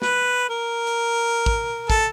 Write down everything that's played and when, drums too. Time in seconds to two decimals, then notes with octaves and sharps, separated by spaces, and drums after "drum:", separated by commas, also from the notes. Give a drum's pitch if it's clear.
0.02 B4, drum: snare
0.49 A#4
0.87 drum: hi-hat
1.46 drum: kick
1.90 A4, drum: kick